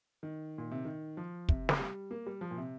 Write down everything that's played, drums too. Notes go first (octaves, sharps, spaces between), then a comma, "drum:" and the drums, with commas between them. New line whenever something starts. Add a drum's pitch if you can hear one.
D#3
A#2
C3
D#3
F3
C3, drum: kick
drum: snare
G3
A#3
G3
F3
A#2
C3